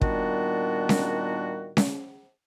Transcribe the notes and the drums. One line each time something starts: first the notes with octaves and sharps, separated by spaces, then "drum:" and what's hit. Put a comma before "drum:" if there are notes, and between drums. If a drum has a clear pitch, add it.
A#2 D#3 G3 B3 D4 F#4, drum: kick
drum: snare C#4
drum: snare C#4